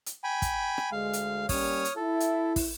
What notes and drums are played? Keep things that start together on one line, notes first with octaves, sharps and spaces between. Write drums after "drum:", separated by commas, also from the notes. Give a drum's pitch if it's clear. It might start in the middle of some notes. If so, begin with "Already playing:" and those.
drum: hi-hat
G5 G#5 B5
drum: kick, hi-hat
drum: rim click
D2 G#3 F5
drum: hi-hat
G3 A#3 C#4 C#5 D#6 F6, drum: kick, open hi-hat
drum: hi-hat
E4 A4
drum: hi-hat
drum: kick, open hi-hat